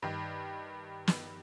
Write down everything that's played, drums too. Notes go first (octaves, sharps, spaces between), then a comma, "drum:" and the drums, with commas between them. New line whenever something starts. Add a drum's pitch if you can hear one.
G2 D#3
drum: snare